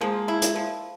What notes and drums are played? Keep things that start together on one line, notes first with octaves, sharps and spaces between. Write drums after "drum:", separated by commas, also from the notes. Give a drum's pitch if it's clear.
F3 G#3 A#3
E4
drum: hi-hat
F3